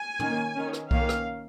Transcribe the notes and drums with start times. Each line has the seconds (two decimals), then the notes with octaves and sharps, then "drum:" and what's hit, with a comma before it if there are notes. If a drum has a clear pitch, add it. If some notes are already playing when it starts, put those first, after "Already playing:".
Already playing: G#5
0.19 D#3 A#3 C#4, drum: tom
0.55 D#3 C#4
0.73 drum: rim click
0.91 D#3 A#3 C#4 F5, drum: kick B1
1.09 drum: rim click